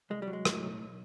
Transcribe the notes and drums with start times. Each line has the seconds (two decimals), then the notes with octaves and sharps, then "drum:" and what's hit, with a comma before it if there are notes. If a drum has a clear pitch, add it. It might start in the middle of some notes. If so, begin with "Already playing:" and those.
0.10 C2 G#3
0.22 G3
0.27 F#3
0.33 G#3
0.45 A2, drum: rim click
0.63 B1
0.79 B1